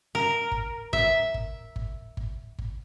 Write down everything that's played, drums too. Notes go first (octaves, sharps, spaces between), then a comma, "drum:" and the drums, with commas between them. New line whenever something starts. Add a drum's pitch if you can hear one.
A#4
drum: kick G1
E5, drum: kick G1
drum: kick G1
drum: kick G1
drum: kick G1
drum: kick G1